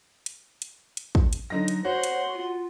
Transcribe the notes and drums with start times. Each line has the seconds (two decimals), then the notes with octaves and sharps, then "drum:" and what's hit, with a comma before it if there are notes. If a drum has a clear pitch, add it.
0.26 drum: hi-hat
0.62 drum: hi-hat
0.97 drum: hi-hat
1.15 drum: kick
1.33 drum: hi-hat
1.50 D3 F#3 D#4 A#6
1.68 drum: hi-hat
1.85 F#4 C5 C#5 F#5 C6
2.04 drum: hi-hat
2.34 F4